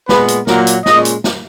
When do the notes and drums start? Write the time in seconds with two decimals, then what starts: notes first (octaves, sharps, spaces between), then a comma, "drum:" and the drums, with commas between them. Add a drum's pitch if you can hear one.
0.09 A#2 G#3 B3 B4, drum: snare
0.28 drum: hi-hat
0.47 A#2 F#3 A#3 A#4, drum: snare
0.67 drum: hi-hat
0.86 A#2 G#3 C#4 D#5, drum: snare
1.05 drum: hi-hat
1.24 drum: snare